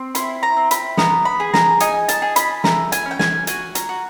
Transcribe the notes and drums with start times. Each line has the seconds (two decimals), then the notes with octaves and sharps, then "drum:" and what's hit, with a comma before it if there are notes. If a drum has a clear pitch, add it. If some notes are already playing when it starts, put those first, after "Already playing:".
Already playing: C4
0.15 E4 C6, drum: hi-hat
0.43 A#5
0.57 C4
0.71 B5, drum: hi-hat
0.97 B3 A#5, drum: snare
1.25 B5
1.40 G#4
1.54 A#5, drum: snare
1.80 D#4 G#5, drum: hi-hat
2.09 A5, drum: hi-hat
2.22 G#4
2.36 B5, drum: hi-hat
2.64 A3 A#5, drum: snare
2.92 G#5, drum: hi-hat
3.05 C#4
3.11 G5
3.19 G#5, drum: snare
3.47 F#4 G#5, drum: hi-hat
3.75 A#5, drum: hi-hat
3.89 F#4